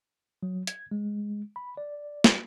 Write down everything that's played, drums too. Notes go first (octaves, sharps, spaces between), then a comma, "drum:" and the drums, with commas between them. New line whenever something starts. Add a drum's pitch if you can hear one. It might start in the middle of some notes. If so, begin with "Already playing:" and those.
F#3
G#6, drum: hi-hat
G#3
B5
D5
drum: snare